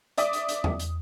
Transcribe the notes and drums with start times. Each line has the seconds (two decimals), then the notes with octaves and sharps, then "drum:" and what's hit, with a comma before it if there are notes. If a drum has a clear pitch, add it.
0.18 D5 E5 D6 D#6, drum: hi-hat
0.33 drum: hi-hat
0.49 drum: hi-hat
0.64 drum: tom E2
0.79 drum: hi-hat